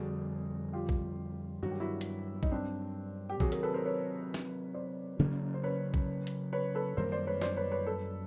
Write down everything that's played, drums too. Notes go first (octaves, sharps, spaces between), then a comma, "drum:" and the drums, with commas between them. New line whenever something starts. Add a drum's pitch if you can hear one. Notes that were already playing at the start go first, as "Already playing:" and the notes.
Already playing: F2 D3 G3 F#4 G#4
F4 G4
drum: kick
G2 D#3 F#3 F#4
G4
E4 F#4
drum: hi-hat
D#4, drum: kick
C4 D4
G4
C3 D#3 F#3 F#4 G#4, drum: kick
G#4 A#4, drum: hi-hat
A4 B4
A#4 C5
B4 C#5
drum: snare
C5 D5
C#3 F#3 A#3 C#4
C5
B4 C#5
drum: kick
drum: hi-hat
B4 C#5
A4 B4
F#2 D#3 G3 A#3 A#4 C5
C5 D5
B4 C#5
C5 D5, drum: snare
B4 C#5
B4 C#5
A4 B4